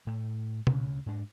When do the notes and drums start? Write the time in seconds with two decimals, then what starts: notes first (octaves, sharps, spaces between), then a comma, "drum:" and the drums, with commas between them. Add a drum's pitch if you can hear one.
0.07 A2 A3
0.67 D2 C#3, drum: tom
1.06 G#2 D4